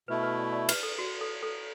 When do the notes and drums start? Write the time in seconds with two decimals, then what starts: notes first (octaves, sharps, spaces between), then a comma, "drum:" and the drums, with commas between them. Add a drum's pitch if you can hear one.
0.08 B2 A3 E4 B4
0.23 B4
0.38 D5
0.53 D5
0.69 B4, drum: cymbal
0.83 A4
0.98 F#4
1.21 A4
1.43 A4